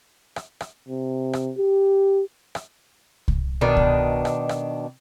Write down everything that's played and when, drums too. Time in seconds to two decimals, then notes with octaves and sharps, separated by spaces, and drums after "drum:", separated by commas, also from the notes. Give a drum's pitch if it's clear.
0.36 drum: rim click
0.61 drum: rim click
0.88 C3
1.33 drum: rim click
1.58 G4
2.55 drum: rim click
3.28 drum: kick C2
3.61 B2 D#3 D4
3.76 drum: kick C2
4.25 drum: rim click
4.49 drum: rim click